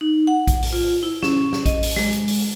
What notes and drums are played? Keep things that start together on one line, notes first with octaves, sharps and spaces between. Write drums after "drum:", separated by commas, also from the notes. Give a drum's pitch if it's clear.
D#4
F#5
drum: kick A#1, hi-hat
drum: open hi-hat
F4
E4
C#4, drum: snare
drum: snare
D#5, drum: kick A#1, hi-hat
drum: open hi-hat
G#3, drum: snare
drum: hi-hat
drum: open hi-hat